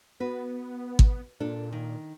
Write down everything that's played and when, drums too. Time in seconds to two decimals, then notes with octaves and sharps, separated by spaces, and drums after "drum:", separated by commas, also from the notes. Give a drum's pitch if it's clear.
0.20 B3 F#4 B4
0.99 drum: kick
1.40 A#2 D4 A4
1.72 D#3